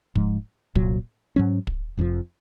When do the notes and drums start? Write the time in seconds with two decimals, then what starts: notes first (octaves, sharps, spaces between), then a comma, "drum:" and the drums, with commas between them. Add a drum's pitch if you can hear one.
0.16 G#2 F3 G#3, drum: kick
0.76 C2 A#2 F#3, drum: kick
1.36 G#2 F#3 C#4
1.67 drum: kick
1.97 F1 F2 C3 F3